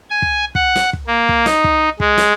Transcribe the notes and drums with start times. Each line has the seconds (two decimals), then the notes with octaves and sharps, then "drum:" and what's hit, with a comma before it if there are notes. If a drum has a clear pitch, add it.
0.10 G#5
0.22 drum: kick
0.55 F#5, drum: kick
0.76 drum: snare
0.93 drum: kick
1.07 A#3
1.29 drum: kick
1.46 D#4, drum: snare
1.64 drum: kick
2.00 G#3, drum: kick
2.18 drum: snare